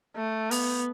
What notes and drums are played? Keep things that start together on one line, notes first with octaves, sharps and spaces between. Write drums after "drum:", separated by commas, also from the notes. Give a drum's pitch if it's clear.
A3
B3, drum: open hi-hat